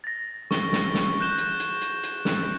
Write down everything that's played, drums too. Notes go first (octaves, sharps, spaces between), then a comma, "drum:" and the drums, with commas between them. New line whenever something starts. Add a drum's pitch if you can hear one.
A6 A#6
C#6 G7, drum: snare
drum: snare
drum: snare
F#6 G6 E7 G7
drum: hi-hat
drum: hi-hat
drum: hi-hat
drum: hi-hat
drum: snare